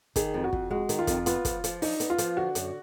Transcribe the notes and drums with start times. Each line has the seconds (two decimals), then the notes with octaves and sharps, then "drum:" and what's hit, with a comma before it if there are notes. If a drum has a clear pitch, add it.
0.16 D#3 G#4, drum: kick, hi-hat
0.34 F2
0.44 F#4
0.53 F2, drum: kick
0.71 G#3 F#4
0.89 D#3, drum: hi-hat
0.99 F4
1.07 F2, drum: kick, hi-hat
1.26 B3 F4, drum: hi-hat
1.45 F3, drum: kick, hi-hat
1.64 F3, drum: hi-hat
1.82 D4 D#4, drum: open hi-hat
2.00 B3, drum: hi-hat
2.10 F4
2.18 F3, drum: hi-hat
2.37 D3 F#4
2.55 F#2, drum: hi-hat